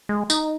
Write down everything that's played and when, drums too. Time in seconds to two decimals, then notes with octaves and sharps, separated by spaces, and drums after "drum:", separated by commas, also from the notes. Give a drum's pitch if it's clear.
0.09 G#3
0.30 D#4, drum: tambourine